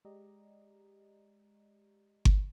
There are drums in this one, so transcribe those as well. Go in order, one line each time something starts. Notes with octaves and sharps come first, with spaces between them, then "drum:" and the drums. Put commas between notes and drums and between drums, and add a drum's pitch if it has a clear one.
G#3 G4 D5 D#5 A#5
drum: kick G1